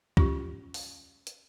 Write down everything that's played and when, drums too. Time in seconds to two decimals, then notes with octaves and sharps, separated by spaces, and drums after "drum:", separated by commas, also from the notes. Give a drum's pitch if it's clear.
0.17 C#4 F4 G4 C#6, drum: kick
0.74 drum: open hi-hat
1.27 drum: hi-hat